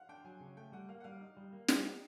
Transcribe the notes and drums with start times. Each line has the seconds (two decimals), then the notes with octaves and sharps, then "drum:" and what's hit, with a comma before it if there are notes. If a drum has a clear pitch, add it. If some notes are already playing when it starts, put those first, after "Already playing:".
Already playing: F5 F#5
0.09 D4 G5
0.25 F#3 G#5
0.40 C#3
0.57 A3 G5
0.72 G3 F#5
0.89 A#3 F5
1.00 F#5
1.04 G3 F5
1.21 D#4
1.37 G3
1.53 A#3
1.68 G3 F#5, drum: snare
1.84 D#4